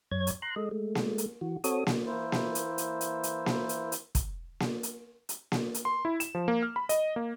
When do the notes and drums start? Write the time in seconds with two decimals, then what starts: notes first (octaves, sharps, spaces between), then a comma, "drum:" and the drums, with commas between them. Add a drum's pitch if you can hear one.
0.11 F#2 C#5 G#6
0.27 drum: hi-hat
0.42 A#5 C6 F#6
0.56 G#3 A4 D#5
0.71 G#3 A3
0.95 drum: snare A#3
1.18 drum: hi-hat
1.41 E3 F#4
1.64 C4 F#4 A4 C#5 D#6, drum: hi-hat
1.87 drum: snare A#3
2.06 E3 A#3 E4 C5
2.32 drum: snare A#3
2.55 drum: hi-hat
2.78 drum: hi-hat
3.01 drum: hi-hat
3.23 drum: hi-hat
3.46 drum: snare A#3
3.69 drum: hi-hat
3.92 drum: hi-hat
4.15 drum: kick, hi-hat
4.60 drum: snare A#3
4.83 drum: hi-hat
5.29 drum: hi-hat
5.52 drum: snare A#3
5.74 drum: hi-hat
5.85 C6
6.05 E4
6.20 E7, drum: hi-hat
6.35 F3
6.48 A#3
6.63 F6
6.76 B5
6.89 D#5, drum: hi-hat
7.16 A#3